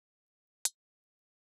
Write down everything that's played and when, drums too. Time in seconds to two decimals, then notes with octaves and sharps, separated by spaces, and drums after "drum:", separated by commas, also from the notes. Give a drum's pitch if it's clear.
0.03 F5
0.24 C#5
0.36 E3
0.53 C#2
0.65 G1, drum: hi-hat
0.81 B5
0.99 B4
1.12 D5
1.24 C#7